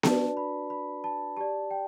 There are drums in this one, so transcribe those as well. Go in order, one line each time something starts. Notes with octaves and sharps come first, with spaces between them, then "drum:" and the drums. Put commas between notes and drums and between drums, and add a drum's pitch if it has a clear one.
D4 F#4 B4 D5 A5, drum: snare B3
B5
B5
A5
G4 D5 A5
G5